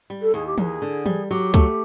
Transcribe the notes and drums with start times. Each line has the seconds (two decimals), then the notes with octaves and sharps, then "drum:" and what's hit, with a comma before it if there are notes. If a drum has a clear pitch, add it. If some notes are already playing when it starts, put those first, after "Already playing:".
0.10 G3
0.21 A4
0.34 D#2 G#4
0.47 G4
0.58 D#2 G#4, drum: tom E3
0.82 D3
1.06 G3, drum: tom E3
1.30 F#3 G4
1.54 A3, drum: kick, hi-hat